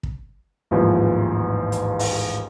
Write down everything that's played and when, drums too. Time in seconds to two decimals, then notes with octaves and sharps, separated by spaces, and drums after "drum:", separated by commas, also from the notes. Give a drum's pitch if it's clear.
0.03 drum: kick
0.71 A1 D#2 G#2 E3 F3
1.72 drum: hi-hat
1.99 drum: open hi-hat